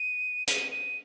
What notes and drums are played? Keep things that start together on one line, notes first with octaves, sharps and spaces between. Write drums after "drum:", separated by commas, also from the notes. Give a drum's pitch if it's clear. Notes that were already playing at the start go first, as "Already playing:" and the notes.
Already playing: D#7
D#7, drum: hi-hat
D#7